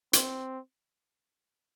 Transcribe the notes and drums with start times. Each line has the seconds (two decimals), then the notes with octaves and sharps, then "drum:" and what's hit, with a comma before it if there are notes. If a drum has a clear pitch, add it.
0.13 C4, drum: hi-hat